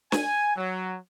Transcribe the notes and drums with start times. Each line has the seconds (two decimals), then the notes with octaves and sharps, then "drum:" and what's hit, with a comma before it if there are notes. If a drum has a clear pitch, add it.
0.12 G#5, drum: snare
0.55 F#3